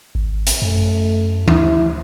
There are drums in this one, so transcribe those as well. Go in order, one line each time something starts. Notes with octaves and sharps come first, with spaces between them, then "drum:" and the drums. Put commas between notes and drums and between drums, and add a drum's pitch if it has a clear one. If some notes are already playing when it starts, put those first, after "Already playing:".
G#1
drum: hi-hat
F#2 A3
D2 E4, drum: tom E3